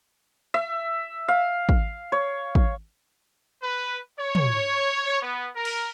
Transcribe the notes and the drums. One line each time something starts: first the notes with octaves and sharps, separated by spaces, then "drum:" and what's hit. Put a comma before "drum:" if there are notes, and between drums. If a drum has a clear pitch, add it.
E5
F5
drum: kick
C#5
drum: kick
B4
C#5
drum: tom
B3
A#4
drum: cymbal